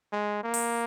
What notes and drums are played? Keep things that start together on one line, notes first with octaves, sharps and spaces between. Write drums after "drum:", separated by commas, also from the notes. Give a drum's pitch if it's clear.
G#3
A#3
drum: open hi-hat